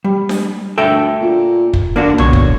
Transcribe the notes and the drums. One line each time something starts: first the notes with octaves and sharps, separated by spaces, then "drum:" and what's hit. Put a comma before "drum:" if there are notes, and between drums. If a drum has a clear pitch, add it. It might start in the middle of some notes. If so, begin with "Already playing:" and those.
G3
drum: snare D4
D2 A4 E5 G5
A#2
drum: kick
D3 A#3 D4 F#4
E1 A#2 D3 C#5, drum: tom C2
drum: kick